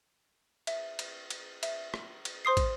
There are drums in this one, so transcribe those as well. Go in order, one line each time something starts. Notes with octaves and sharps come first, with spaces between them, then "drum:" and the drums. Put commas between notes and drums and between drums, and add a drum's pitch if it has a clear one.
E5, drum: cymbal
drum: cymbal
drum: cymbal
E5, drum: cymbal
drum: rim click
drum: cymbal
C5 C6 D#6 C7
drum: kick, cymbal